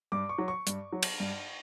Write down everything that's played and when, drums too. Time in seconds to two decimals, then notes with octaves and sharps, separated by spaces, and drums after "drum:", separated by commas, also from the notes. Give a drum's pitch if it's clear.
0.12 G2 D6
0.29 C#6
0.38 F#3
0.48 C#6
0.67 G2, drum: hi-hat
0.92 F#3
1.03 drum: cymbal
1.20 G2